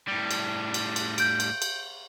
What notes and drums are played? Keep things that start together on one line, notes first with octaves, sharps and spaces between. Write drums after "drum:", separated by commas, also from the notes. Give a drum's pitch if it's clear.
A2 G3
drum: cymbal
drum: cymbal
drum: cymbal
G6 D7, drum: cymbal
drum: cymbal
drum: cymbal